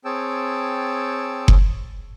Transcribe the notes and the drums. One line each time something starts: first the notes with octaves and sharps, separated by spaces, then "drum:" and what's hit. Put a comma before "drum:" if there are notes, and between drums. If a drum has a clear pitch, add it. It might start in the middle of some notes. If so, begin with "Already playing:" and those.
C4 G#4 C#5 G5 A5 E6
drum: kick F#1